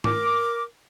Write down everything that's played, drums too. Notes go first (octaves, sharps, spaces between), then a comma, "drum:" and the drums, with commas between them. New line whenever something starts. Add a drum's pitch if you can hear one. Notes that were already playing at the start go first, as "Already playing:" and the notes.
A#4 D6, drum: tom G#2